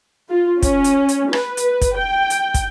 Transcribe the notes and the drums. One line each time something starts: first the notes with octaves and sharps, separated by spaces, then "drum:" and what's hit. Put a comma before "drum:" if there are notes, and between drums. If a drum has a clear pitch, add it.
F4
C#4, drum: kick, hi-hat
drum: hi-hat
drum: hi-hat
B4, drum: rim click
drum: hi-hat
drum: kick, hi-hat
G5
drum: hi-hat
drum: kick, hi-hat